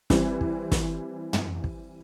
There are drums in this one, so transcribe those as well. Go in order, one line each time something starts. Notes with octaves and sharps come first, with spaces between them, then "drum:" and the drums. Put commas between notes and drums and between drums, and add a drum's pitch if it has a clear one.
E3 G3 C4, drum: snare
drum: kick
drum: snare
drum: tom
drum: kick